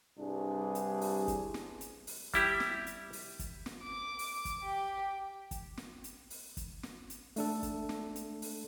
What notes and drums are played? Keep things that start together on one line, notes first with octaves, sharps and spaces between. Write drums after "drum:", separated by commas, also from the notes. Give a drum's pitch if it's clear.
C2 G2 D4 G#4
drum: hi-hat
drum: open hi-hat
drum: kick, hi-hat
drum: snare
drum: hi-hat
drum: open hi-hat
G3 E4 G4, drum: kick, hi-hat
drum: snare
drum: hi-hat
drum: open hi-hat
drum: kick, hi-hat
drum: snare
D6
drum: open hi-hat
drum: kick, hi-hat
G4
drum: kick, hi-hat
drum: snare
drum: hi-hat
drum: open hi-hat
drum: kick, hi-hat
drum: snare
drum: hi-hat
A3 D4 A4, drum: open hi-hat
drum: kick, hi-hat
drum: snare
drum: hi-hat
drum: open hi-hat